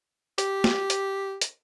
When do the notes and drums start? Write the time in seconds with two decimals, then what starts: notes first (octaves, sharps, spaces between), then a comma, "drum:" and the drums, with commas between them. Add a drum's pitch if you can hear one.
0.38 G4, drum: hi-hat
0.64 drum: snare
0.90 drum: hi-hat
1.41 drum: hi-hat